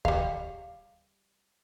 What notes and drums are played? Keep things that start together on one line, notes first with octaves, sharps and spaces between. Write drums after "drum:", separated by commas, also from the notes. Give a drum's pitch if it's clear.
G3 F5, drum: kick D2